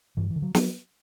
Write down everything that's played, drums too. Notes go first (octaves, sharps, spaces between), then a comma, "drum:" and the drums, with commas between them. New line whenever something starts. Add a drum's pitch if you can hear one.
G2 E3
E3
D3
F#3
F#3, drum: snare